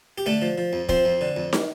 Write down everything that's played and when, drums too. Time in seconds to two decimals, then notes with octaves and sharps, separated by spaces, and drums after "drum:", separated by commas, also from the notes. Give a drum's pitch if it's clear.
0.18 G4
0.26 D3 A3 A4
0.42 F3
0.58 F3
0.73 F2
0.89 F3 C4 C5, drum: kick
1.05 F2
1.21 D3
1.36 F2
1.53 drum: snare